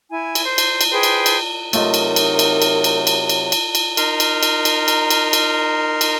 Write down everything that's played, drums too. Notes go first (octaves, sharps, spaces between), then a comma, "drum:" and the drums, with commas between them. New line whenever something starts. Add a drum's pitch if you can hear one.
E4 G#5
drum: cymbal
C5
drum: cymbal
drum: cymbal
G#4 B4 C5 G5
drum: cymbal
drum: cymbal
C3 F#3 A3 D#4 F4 A#4 D#5, drum: cymbal
drum: cymbal
drum: cymbal
drum: cymbal
drum: cymbal
drum: cymbal
drum: cymbal
drum: cymbal
drum: cymbal
drum: cymbal
D#4 A#4 C6 F6, drum: cymbal
drum: cymbal
drum: cymbal
drum: cymbal
drum: cymbal
drum: cymbal
drum: cymbal
drum: cymbal